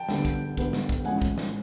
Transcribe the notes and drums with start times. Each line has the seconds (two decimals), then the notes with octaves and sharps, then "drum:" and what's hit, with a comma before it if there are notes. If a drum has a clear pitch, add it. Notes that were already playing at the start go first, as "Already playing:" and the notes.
Already playing: G5 A5
0.09 D2 D3 G3 B3, drum: snare
0.25 drum: kick, hi-hat
0.57 D2 D3 G3 B3, drum: kick, hi-hat
0.73 drum: snare
0.89 drum: kick, hi-hat
1.05 A1 A2 F3 G#3 F#5 G#5, drum: hi-hat
1.22 drum: kick, hi-hat
1.38 drum: snare